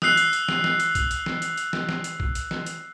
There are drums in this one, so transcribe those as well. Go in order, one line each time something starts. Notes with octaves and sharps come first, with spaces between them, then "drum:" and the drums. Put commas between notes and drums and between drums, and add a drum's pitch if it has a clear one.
D#6 E6 F#6 C7, drum: snare
drum: hi-hat
drum: hi-hat
drum: snare
drum: snare
drum: hi-hat
drum: kick A#1, hi-hat
drum: hi-hat
drum: snare
drum: hi-hat
drum: hi-hat
drum: snare
drum: snare
drum: hi-hat
drum: kick A#1
drum: hi-hat
drum: snare
drum: hi-hat